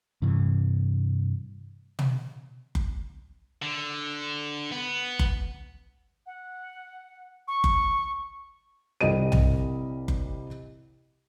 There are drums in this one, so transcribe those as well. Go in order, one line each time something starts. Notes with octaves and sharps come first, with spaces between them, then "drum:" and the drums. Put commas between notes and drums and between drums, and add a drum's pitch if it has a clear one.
G2 C3 E3
drum: tom
drum: kick F#1
D3
B3
drum: kick F#1
F#5
C#6
drum: kick F#1
C2 C3 G3 G4 D#5 D#7
drum: tom B1
drum: kick F#1